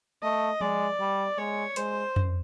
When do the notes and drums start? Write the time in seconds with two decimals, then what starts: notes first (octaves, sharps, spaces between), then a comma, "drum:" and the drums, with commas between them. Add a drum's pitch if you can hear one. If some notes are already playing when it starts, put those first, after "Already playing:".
0.23 A3 D#5
0.61 G#3 D5, drum: tom F3
1.00 G3
1.38 G#3 C#5
1.76 G#3 C5, drum: hi-hat
2.16 drum: tom F2